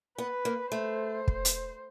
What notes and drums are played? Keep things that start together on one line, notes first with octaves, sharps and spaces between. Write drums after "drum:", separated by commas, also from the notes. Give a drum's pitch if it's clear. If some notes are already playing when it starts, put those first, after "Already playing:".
B3 B4
A#3
A3 C5
drum: kick
drum: hi-hat